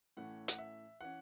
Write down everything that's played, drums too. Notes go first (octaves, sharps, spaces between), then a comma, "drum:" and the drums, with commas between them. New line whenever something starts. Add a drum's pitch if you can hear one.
A2 E3 A3 C#4 F#5
F#5, drum: hi-hat
E5
E3 C#4 F#5